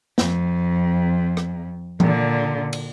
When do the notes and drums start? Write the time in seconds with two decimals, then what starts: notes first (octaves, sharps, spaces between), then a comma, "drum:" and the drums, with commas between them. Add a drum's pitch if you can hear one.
0.18 F2, drum: snare
1.37 drum: rim click
2.00 A#2 D3, drum: tom E3
2.73 drum: cymbal